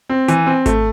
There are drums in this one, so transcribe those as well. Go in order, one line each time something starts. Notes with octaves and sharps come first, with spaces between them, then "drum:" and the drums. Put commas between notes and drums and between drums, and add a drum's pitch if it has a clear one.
C4
E3, drum: hi-hat
C4
A3, drum: kick G#1, hi-hat